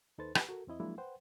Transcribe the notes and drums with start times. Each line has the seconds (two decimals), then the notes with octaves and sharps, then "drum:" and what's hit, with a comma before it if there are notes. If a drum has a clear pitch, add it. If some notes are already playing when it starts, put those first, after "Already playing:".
0.18 D#2 D#4 A4 B4 C5 A6
0.35 G4 B4, drum: rim click
0.49 F#4 A4 A#4
0.67 E2 C4 E4 D#5
0.80 F3 F#3 G#3 A#3 D4 E4
0.98 B4 C5 F#5 G5